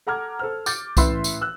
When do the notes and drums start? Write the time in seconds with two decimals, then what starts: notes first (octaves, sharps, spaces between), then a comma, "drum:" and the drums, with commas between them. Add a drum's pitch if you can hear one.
0.07 A4 F#5 A#5 D6 F6 G#6
0.39 A4 C5 F6
0.66 D6 G6 A6, drum: tambourine
0.97 A1 E4 B4 E5 C6 E6, drum: kick C2, tambourine
1.24 drum: tambourine
1.41 E6 F#6